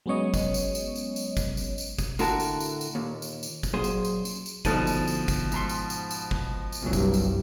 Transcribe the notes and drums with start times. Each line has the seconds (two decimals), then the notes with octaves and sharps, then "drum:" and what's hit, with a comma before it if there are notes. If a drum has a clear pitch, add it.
0.06 F#3 G#3 B3 C#4 C#5 D#5
0.34 drum: kick G1, tambourine
0.54 drum: tambourine
0.75 drum: tambourine
0.95 drum: tambourine
1.16 drum: tambourine
1.37 drum: kick G1, tambourine
1.57 drum: tambourine
1.78 drum: tambourine
1.99 drum: kick G1, tambourine
2.19 A2 D3 F#4 A#4 G5 A5, drum: tambourine
2.40 drum: tambourine
2.60 drum: tambourine
2.81 drum: tambourine
2.95 D#2 A#2
3.22 drum: tambourine
3.43 drum: tambourine
3.63 drum: kick G1, tambourine
3.73 F#2 A#2 G#4 C5
3.84 drum: tambourine
4.05 drum: tambourine
4.25 drum: tambourine
4.46 drum: tambourine
4.65 D2 B2 F3 D#4 A4 D#7, drum: kick G1, tambourine
4.87 drum: tambourine
5.08 drum: tambourine
5.28 drum: kick G1, tambourine
5.52 G#2 A#5 C6, drum: tambourine
5.69 drum: tambourine
5.90 drum: tambourine
6.11 drum: tambourine
6.31 drum: kick G1
6.72 drum: tambourine
6.82 C2 G2 A#2 F#3
6.93 drum: kick G1, tambourine
7.14 drum: tambourine